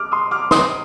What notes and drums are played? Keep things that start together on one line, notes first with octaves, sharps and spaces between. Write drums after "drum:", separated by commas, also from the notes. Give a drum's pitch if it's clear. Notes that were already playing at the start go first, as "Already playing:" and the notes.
Already playing: D6 F6
C6 D#6
D6 F6
C6 D#6, drum: snare